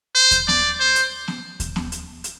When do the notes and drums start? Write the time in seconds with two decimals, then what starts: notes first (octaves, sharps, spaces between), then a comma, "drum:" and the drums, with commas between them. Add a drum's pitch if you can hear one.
0.15 C5
0.31 drum: kick D#2, hi-hat
0.48 D5, drum: snare B3
0.80 C5
0.96 drum: hi-hat
1.28 drum: snare B3
1.60 drum: kick D#2, hi-hat
1.76 drum: snare B3
1.92 drum: hi-hat
2.24 drum: hi-hat